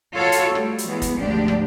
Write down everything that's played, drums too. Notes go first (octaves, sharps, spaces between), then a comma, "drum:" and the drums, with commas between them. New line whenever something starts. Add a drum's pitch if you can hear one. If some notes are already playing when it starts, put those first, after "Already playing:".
F4 F#4 A4 C#5
drum: hi-hat
G3 A3, drum: rim click
drum: hi-hat
E3 G#3 B3
drum: kick F#1, hi-hat
D2 G#2 D3 F3 D4 G4
drum: rim click